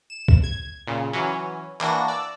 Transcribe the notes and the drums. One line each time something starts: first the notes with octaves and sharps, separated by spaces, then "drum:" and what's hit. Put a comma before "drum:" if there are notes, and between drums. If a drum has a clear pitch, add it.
E7
drum: kick C#2
G#6
A#2 C#3
E3 F#3 C#4
E3 A#3 D4 F#4 A#6, drum: clap
D5 E6